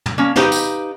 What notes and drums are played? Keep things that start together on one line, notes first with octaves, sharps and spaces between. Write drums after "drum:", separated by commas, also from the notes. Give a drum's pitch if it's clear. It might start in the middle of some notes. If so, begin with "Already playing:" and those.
drum: tom
A#3 C#4
D#4 G4 B4 F5, drum: snare
drum: tambourine